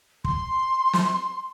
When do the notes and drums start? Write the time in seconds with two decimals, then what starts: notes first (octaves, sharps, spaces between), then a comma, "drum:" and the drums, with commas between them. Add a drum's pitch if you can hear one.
0.24 C6, drum: kick
0.93 drum: snare